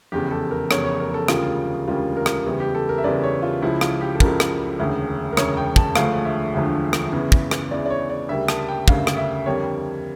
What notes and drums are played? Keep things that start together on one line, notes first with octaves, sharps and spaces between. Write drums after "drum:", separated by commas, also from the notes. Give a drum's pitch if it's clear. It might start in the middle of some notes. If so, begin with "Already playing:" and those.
F1 E2 C#3 G4
A4
A#4
F1 E2 C#3 C#5, drum: rim click
C#5
A#4
A4
E1 D2 C#3 G3 A#3 F4, drum: rim click
E1 D2 C#3 G3 A#3 F4
A#4
drum: rim click
E2 C#3 E3 G3
G4
A4
A#4
E5
E2 C#3 E3 G3 D5
A#4
C#5
F4
C#2 C#3 F3 E4
F4, drum: rim click
G4
A4
C#2 C#3 F3 A#4, drum: kick
drum: rim click
E1 D2 C#3
A#4
E1 D2 C#3 C#5, drum: rim click
G5
A5, drum: kick
E1 D2 D3 F3 A3 F5, drum: rim click
E5
E1 D2 D3 F3 A3
drum: rim click
E2 C#3 E3
drum: kick
drum: rim click
E2 C#3 E3 D5
D5
C#5
D5
D2 C#3 G3 A#3 E5
A5, drum: rim click
G5
D2 C#3 G3 A#3 F5, drum: kick
drum: rim click
E5
F2 D3 G3 A#3 C#5